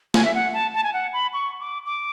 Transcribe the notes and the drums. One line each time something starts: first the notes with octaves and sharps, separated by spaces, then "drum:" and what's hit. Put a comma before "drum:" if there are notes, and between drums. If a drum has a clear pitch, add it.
G#5, drum: snare
E5
F#5
A5
A5
G#5
F#5
B5
C#6
D6
D6